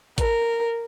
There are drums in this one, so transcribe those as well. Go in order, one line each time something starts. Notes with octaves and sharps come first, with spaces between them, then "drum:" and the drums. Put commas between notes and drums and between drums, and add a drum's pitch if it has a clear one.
A#4, drum: kick, hi-hat